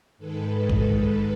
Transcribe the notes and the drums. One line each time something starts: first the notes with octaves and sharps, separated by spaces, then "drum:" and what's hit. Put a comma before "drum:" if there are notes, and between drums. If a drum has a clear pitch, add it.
G#2 D#3 G#3 A4 B4
A4 B4
drum: kick